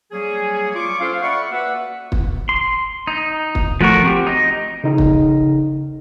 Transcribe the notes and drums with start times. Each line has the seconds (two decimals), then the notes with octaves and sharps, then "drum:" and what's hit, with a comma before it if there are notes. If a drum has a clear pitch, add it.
0.12 F#3 G3 A#3 C#4 G#4
0.75 F4 C#6 D6
1.00 C#4 A4 C5 F5
1.22 D5 E5 F#5 B5 C#6
1.52 A#3 F#4 B4 D5 E5 F#5
2.12 drum: kick
2.49 C6
3.07 D#4
3.55 drum: kick
3.81 F3 A3 F#4 A#4 C#6
4.03 C4 G4
4.27 D#4 D#5
4.84 C#3 D#4
4.98 drum: kick